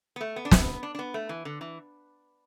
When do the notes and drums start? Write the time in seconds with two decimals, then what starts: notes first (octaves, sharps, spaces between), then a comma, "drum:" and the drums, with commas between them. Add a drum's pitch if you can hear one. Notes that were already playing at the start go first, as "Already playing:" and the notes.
0.16 B3
0.21 A3
0.36 B3
0.45 D4
0.51 B3, drum: snare
0.83 D4
0.95 D4
0.99 B3
1.14 A3
1.29 E3
1.45 D3
1.61 E3